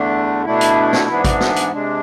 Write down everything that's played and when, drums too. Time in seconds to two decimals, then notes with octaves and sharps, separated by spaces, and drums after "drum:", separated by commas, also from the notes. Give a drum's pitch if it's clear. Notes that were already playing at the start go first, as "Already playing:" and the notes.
Already playing: E2 D3 A3 D4
0.45 B2 A3 D4 E4
0.61 drum: hi-hat
0.93 drum: snare
1.09 G#2 E3 B3 D4
1.24 drum: kick, hi-hat
1.40 drum: snare
1.56 drum: hi-hat
1.72 C3 G#3 D4